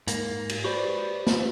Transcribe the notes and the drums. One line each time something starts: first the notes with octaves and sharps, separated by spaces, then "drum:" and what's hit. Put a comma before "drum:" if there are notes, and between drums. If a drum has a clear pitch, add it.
G#2 A#3, drum: hi-hat
drum: cymbal
F#4 G4 B4 C5 D5
drum: snare